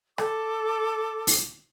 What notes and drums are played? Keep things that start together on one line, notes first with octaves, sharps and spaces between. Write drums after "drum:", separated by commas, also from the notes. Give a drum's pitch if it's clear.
A4 D6, drum: rim click
drum: open hi-hat